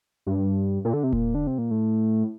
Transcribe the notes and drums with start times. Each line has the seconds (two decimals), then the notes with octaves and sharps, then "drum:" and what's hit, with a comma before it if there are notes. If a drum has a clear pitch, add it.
0.26 G2
0.85 A#2
0.93 D3
1.04 C3
1.13 A#2, drum: kick E1
1.35 D3
1.47 C3
1.58 A#2
1.71 A2